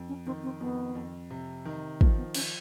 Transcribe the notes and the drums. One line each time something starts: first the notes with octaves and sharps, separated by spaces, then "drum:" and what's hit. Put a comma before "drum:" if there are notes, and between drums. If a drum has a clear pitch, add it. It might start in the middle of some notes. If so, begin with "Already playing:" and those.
Already playing: F2
C#4
D#3 C4
C4
F2 B3
F2
C3
D#3
F3 A#3, drum: kick
B3
C#4, drum: cymbal